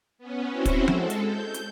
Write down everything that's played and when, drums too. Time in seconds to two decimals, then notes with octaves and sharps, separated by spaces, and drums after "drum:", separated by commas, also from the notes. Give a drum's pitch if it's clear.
0.18 B3 C#4
0.49 C4 C#4 E4 F#4 C5
0.65 drum: kick, hi-hat
0.88 G#3 A4, drum: tom F3
1.10 drum: hi-hat
1.25 G6
1.54 drum: hi-hat